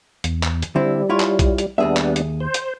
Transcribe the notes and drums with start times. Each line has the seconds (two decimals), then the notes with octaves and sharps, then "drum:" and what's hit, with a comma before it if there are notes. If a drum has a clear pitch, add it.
0.24 E2, drum: hi-hat
0.43 drum: clap
0.62 drum: hi-hat
0.75 D3 G3 C4 E4
1.09 E4 F4 C#5
1.20 drum: clap
1.39 drum: kick B1, hi-hat
1.58 drum: hi-hat
1.78 D#2 G3 B3 D4 G#4 E5
1.97 drum: clap
2.16 drum: hi-hat
2.40 C5
2.54 drum: hi-hat